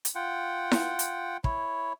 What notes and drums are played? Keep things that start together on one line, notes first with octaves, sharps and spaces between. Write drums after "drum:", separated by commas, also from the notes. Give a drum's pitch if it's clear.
drum: hi-hat
F4 F#5 G5
drum: snare E4
drum: hi-hat
E4 C#5, drum: kick